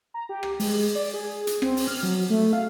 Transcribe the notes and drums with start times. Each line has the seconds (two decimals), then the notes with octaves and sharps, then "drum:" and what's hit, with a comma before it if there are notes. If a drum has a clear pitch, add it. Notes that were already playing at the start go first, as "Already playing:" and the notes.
0.14 A#5
0.29 G4
0.43 drum: rim click
0.60 G#3, drum: open hi-hat
0.95 D5
1.14 G#4
1.47 drum: hi-hat
1.62 C4, drum: rim click
1.77 drum: open hi-hat
1.88 F6
2.03 F#3
2.30 A3
2.53 F5